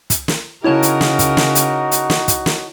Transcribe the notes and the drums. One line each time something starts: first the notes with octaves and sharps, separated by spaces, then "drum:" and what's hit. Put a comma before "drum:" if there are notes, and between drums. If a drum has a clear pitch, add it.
drum: kick, hi-hat
drum: snare
C#3 D#4 E4 F#4 A#4 C#5 A5
drum: hi-hat
drum: snare
drum: kick, hi-hat
drum: snare
drum: hi-hat
drum: hi-hat
drum: snare
drum: kick, hi-hat
drum: snare